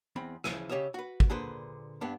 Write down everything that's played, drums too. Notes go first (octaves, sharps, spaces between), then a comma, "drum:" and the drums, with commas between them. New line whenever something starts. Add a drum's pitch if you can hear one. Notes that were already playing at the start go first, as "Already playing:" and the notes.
E2 C4 B5
C#3 E3 F3, drum: rim click
C#3 G4 C#5 D#5 E5
F#4 B4
drum: kick G#1
A#2 D3 G#4 B4 C5
G2 B3 D4